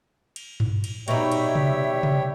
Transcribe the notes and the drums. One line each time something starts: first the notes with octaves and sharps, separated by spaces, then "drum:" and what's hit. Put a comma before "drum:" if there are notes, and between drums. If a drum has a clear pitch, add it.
drum: cymbal
drum: tom G2
drum: cymbal
B2 G3 D#4 C#5 E5 G5, drum: cymbal
drum: cymbal
drum: tom C3
drum: tom C3